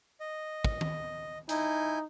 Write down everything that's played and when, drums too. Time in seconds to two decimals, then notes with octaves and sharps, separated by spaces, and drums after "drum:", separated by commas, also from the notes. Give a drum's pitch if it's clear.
0.20 D#5
0.65 drum: kick
0.81 drum: tom D#3
1.49 D#4 E4 G#5 G6, drum: hi-hat